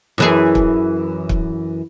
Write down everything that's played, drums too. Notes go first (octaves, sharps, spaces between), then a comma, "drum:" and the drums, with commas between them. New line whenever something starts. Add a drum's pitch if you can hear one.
F#2 E3 G#4
drum: kick
drum: kick